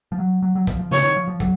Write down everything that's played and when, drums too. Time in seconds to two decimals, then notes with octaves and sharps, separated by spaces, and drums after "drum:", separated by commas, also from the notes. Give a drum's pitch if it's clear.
0.12 F3
0.19 F#3
0.42 F#3
0.55 F#3
0.67 F3, drum: kick
0.79 F3
0.91 C#3 C#5, drum: snare
1.03 D#3
1.16 F3
1.28 F3
1.40 F#3, drum: kick